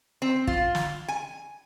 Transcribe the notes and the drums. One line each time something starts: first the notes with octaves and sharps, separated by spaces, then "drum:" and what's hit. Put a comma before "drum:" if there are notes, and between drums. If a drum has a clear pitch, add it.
C4
F4, drum: kick
drum: snare
G#5